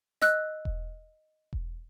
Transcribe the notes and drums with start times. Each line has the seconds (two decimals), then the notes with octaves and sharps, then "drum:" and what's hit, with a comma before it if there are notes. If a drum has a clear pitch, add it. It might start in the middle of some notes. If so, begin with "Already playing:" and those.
0.21 D#5 E6 F#6, drum: snare
0.65 drum: kick E1
1.53 drum: kick E1